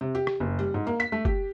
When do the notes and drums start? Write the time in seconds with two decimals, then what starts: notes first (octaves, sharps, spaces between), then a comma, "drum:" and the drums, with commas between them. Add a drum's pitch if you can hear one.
0.01 C3
0.15 G4
0.27 drum: rim click
0.40 F#1
0.59 G3
0.74 G#2
0.87 A#3
1.00 B6
1.12 A3
1.25 G4, drum: kick